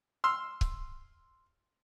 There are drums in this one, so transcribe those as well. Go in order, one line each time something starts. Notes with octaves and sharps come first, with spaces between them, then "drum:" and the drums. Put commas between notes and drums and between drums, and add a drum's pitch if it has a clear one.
C6 E6 F6
drum: kick C#1